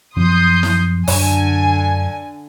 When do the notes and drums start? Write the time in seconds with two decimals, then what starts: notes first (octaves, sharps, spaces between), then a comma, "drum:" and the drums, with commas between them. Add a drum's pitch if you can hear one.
0.16 F#2 F3 C4 C6 D#6 G6
0.63 drum: snare
1.08 F#2 D3 G#5, drum: open hi-hat